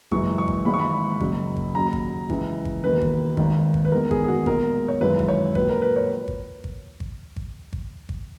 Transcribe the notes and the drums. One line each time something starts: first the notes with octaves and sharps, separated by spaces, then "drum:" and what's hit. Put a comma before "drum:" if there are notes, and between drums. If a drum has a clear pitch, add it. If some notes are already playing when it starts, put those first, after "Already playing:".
F#1 F#2 E3 G#3 C#6, drum: kick G#1
C#6
drum: kick G#1
G#1 G#2 E3 G#3 B5
C#6
B5
F#1 F#2 C#3, drum: kick G#1
drum: kick G#1
D#2 C#3 F#3 A#5
drum: kick G#1
C#2 C#3 E3, drum: kick G#1
drum: kick G#1
E1 D#2 D#3 B4
drum: kick G#1
G#1 G#2 D#3, drum: kick G#1
drum: kick G#1
B4
E2 D#3 G#3 A#4
G#4, drum: kick G#1
G#4
F#4
B1 A#2 G#3 A#4, drum: kick G#1
C#5
G#1 F#2 E3 G#3 B4
drum: kick G#1
C#5
A#1 A#2 F#3 B4, drum: kick G#1
A#4
B4
C#5
drum: kick G#1
drum: kick G#1
drum: kick G#1
drum: kick G#1
drum: kick G#1
drum: kick G#1